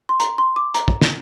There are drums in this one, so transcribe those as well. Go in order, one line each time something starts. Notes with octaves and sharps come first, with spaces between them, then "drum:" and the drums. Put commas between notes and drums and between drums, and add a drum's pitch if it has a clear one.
C6
A#5, drum: hi-hat
C6
D6
A#5, drum: hi-hat
drum: kick
drum: snare